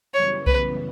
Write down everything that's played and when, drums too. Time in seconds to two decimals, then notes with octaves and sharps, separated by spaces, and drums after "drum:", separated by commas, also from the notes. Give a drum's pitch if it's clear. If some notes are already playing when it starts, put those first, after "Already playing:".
0.14 F#2 C#3 E3 G3 B3 C#5
0.47 B4, drum: kick B1